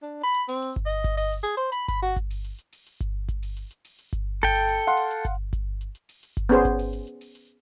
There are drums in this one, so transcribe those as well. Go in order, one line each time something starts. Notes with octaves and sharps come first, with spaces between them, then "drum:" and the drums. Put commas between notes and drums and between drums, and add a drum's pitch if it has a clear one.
D4
B5
drum: hi-hat
C4, drum: open hi-hat
drum: hi-hat
drum: kick G1
D#5
drum: kick G1, hi-hat
D#5, drum: open hi-hat
drum: hi-hat
G#4, drum: hi-hat
C5
B5, drum: hi-hat
B5, drum: kick G1, hi-hat
F#4
drum: kick G1, hi-hat
drum: open hi-hat
drum: hi-hat
drum: hi-hat
drum: open hi-hat
drum: hi-hat
drum: kick G1, hi-hat
drum: kick G1, hi-hat
drum: open hi-hat
drum: hi-hat
drum: hi-hat
drum: open hi-hat
drum: hi-hat
drum: kick G1, hi-hat
A4 G5, drum: kick G1, hi-hat
drum: open hi-hat
drum: hi-hat
F5 F#5 C6
drum: open hi-hat
drum: hi-hat
drum: kick G1, hi-hat
drum: kick G1, hi-hat
drum: hi-hat
drum: hi-hat
drum: open hi-hat
drum: hi-hat
drum: kick G1, hi-hat
B3 C#4 G#4 C5
drum: kick G1, hi-hat
drum: open hi-hat
drum: hi-hat
drum: hi-hat
drum: open hi-hat
drum: hi-hat